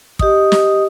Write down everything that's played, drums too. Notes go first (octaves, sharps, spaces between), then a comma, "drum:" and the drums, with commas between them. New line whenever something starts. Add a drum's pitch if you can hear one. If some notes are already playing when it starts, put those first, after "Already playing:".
G4 D#5 D#6, drum: kick
drum: snare